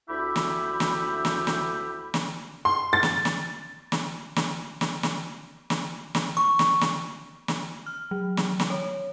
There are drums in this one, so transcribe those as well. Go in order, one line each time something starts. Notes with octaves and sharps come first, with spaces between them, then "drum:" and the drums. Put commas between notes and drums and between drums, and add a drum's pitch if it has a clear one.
D2 E4 G4 E5 B5
drum: snare
drum: snare
drum: snare
drum: snare
drum: snare
C6
A6
drum: snare
drum: snare
drum: snare
drum: snare
drum: snare
drum: snare
drum: snare
drum: snare
C#6
drum: snare
drum: snare
drum: snare
F6
F#3
drum: snare
drum: snare
C#5